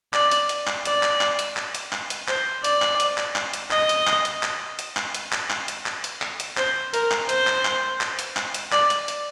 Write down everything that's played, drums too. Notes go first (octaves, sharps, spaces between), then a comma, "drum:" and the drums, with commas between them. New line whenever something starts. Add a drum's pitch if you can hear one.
D5, drum: clap
drum: hi-hat
drum: hi-hat
drum: clap
D5, drum: hi-hat
drum: clap
drum: clap
drum: hi-hat
drum: clap
drum: hi-hat
drum: clap
drum: hi-hat
C5, drum: clap
D5, drum: hi-hat
drum: clap
drum: hi-hat
drum: clap
drum: clap
drum: hi-hat
D#5, drum: clap
drum: hi-hat
drum: clap
drum: hi-hat
drum: clap
drum: hi-hat
drum: clap
drum: hi-hat
drum: clap
drum: clap
drum: hi-hat
drum: clap
drum: hi-hat
drum: clap
drum: hi-hat
C5, drum: clap
A#4, drum: hi-hat
drum: clap
C5, drum: hi-hat
drum: clap
drum: clap
drum: clap
drum: hi-hat
drum: clap
drum: hi-hat
D5, drum: clap
drum: hi-hat
drum: hi-hat